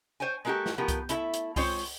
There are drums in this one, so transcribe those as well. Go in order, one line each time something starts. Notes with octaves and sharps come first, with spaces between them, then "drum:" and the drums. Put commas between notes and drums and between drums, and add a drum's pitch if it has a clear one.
C5 C#5 G5 G#5
G#3 A#3 B3 F#4 G4 A4
drum: snare
F3 A3 B3 G4 A#4
drum: kick C2, hi-hat
A3 E4 A4 E5, drum: hi-hat
drum: hi-hat
G#3 C4 F4 C5 C#5, drum: kick C2, open hi-hat
drum: open hi-hat